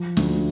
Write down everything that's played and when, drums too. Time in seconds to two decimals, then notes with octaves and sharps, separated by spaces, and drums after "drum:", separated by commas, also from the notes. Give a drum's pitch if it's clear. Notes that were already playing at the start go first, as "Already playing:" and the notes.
Already playing: F3
0.17 D2, drum: snare